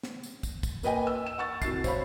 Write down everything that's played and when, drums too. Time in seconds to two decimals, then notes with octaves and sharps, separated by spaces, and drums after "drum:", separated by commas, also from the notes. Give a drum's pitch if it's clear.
0.03 drum: snare
0.23 drum: tambourine
0.43 drum: kick, tambourine
0.63 drum: kick, tambourine
0.83 A#3 B4 D#5 G5 G#5, drum: tambourine
1.07 E6
1.26 E7
1.38 F#5 C#6 A6
1.62 C2 F#4 A6 C7, drum: kick, tambourine
1.84 C5 C#5 F5 B5, drum: kick, tambourine